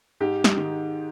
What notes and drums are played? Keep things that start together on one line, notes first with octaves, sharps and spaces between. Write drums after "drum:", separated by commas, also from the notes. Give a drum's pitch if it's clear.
G#2 G4
drum: snare
D#3